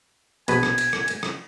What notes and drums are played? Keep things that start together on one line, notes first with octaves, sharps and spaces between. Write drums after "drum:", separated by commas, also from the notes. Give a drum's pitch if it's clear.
A#1 B2 B4 G#5, drum: cymbal
drum: rim click
drum: cymbal
drum: rim click
drum: cymbal
drum: rim click